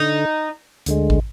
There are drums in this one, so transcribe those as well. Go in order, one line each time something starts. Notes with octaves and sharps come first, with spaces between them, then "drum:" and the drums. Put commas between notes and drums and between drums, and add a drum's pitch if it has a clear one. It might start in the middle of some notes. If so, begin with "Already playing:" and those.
Already playing: D3 D#4
D2 D3 G#3, drum: hi-hat
drum: kick